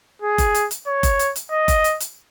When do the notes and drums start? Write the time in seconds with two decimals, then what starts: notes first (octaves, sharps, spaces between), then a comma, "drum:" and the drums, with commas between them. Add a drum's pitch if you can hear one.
0.22 G#4
0.38 drum: kick F#1, hi-hat
0.55 drum: hi-hat
0.71 drum: hi-hat
0.87 C#5
1.03 drum: kick F#1, hi-hat
1.19 drum: hi-hat
1.36 drum: hi-hat
1.52 D#5
1.68 drum: kick F#1, hi-hat
1.84 drum: hi-hat
2.00 drum: hi-hat